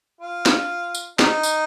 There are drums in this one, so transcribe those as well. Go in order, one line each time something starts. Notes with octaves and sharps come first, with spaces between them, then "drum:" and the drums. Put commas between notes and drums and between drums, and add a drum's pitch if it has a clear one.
F4
drum: snare
drum: tambourine
D#4, drum: snare
drum: tambourine